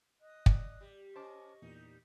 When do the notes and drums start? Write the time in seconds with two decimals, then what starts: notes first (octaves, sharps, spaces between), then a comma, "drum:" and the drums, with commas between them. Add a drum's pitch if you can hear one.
0.21 D#5 D#6 F#6
0.46 D5, drum: kick
0.81 G3 G4
1.16 C#4 C5 D#5 A5 C#6 D6
1.62 E2 A#2 G3 D#4